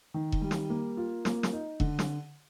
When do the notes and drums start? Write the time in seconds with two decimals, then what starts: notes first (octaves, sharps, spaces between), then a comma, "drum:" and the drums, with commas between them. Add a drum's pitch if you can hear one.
0.14 D#3
0.32 drum: kick E1
0.41 G3
0.51 drum: snare
0.70 A#3
0.97 F4
1.25 A#3, drum: snare
1.43 drum: snare
1.52 D#4
1.80 D3, drum: kick E1
1.99 drum: snare